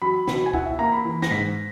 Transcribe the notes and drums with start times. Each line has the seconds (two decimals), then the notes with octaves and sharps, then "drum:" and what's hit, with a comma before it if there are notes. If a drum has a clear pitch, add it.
0.02 F#3 B5
0.28 B2, drum: snare
0.46 G#5
0.54 E4 F#5, drum: kick C#2
0.65 E5
0.79 A#3 A#5
0.92 B5
1.05 E3
1.22 A#6, drum: snare
1.31 G#2 B6